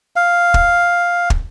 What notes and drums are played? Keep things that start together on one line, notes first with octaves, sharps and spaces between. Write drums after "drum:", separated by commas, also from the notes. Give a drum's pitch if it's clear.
F5
drum: kick
drum: kick